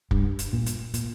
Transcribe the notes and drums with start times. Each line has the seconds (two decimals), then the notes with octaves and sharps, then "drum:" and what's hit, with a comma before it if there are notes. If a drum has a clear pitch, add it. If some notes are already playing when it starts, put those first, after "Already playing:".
0.11 G2, drum: kick
0.39 drum: hi-hat
0.53 A#2
0.66 drum: hi-hat
0.94 A#2, drum: hi-hat